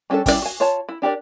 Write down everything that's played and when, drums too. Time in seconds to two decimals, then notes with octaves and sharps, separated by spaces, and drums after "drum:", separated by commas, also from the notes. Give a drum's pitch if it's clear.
0.10 G3 C#4 D4 G#4 A4
0.26 G3 C#4 E4 F4 D5, drum: kick, open hi-hat
0.42 F#4 G#5
0.60 F4 C#5 A5
0.89 E4
1.02 D4 G4 A#4 D5